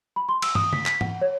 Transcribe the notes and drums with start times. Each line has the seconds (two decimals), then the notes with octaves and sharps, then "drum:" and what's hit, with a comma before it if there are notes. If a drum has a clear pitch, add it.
0.16 B5
0.29 C6
0.42 E6, drum: cymbal
0.55 D#6, drum: tom
0.73 B6, drum: tom C#3
0.86 B6, drum: clap
1.01 F#5, drum: tom
1.21 C#5